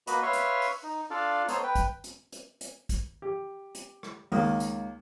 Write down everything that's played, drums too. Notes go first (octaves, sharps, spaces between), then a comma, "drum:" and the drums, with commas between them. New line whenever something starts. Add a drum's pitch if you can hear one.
A#3 F#4 B4 D#5 B5, drum: hi-hat
B4 C#5 E5 F5 C6 C#6
drum: hi-hat
drum: open hi-hat
D#4
D4 F4 A4 D5 F5
B3 A4 C5 C#5 D#5 A#5, drum: hi-hat
B4 G5
drum: kick, hi-hat
drum: hi-hat
drum: hi-hat
drum: hi-hat
drum: kick, hi-hat
G4
drum: hi-hat
drum: rim click
C#2 D#3 A#3 D#6, drum: open hi-hat
drum: hi-hat